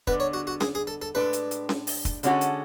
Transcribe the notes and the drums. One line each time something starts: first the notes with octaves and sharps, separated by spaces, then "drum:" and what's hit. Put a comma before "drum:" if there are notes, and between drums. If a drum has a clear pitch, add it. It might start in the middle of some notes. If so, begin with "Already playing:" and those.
D3 G#3 B3 B4, drum: kick
C#5
F#4
F#4
G#4, drum: snare C#4
G#4
A4
A4
A2 G#3 D4 A4 B4
drum: hi-hat
drum: hi-hat
drum: snare C#4
drum: open hi-hat
drum: kick, hi-hat
D3 G#3 C#4 F#4 A4, drum: hi-hat
drum: hi-hat